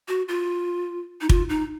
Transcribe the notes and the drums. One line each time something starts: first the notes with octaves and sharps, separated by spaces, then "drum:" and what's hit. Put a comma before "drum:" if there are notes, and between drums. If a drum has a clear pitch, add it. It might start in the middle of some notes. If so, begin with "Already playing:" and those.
F#4
F4
D#4
F4, drum: kick
D#4